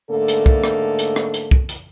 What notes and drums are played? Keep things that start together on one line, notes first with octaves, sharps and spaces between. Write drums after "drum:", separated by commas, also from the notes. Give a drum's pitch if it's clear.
G#2 D3 A3 A#3 A4
drum: hi-hat
drum: kick C2
drum: rim click
drum: hi-hat
drum: rim click
drum: hi-hat
drum: kick C2
drum: hi-hat